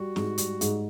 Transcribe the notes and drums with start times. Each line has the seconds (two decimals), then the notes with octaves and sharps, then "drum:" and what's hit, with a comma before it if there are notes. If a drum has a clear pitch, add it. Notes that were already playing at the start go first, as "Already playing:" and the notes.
Already playing: G3 F#4
0.16 G#2, drum: snare C4
0.38 G3, drum: hi-hat
0.61 G#2, drum: hi-hat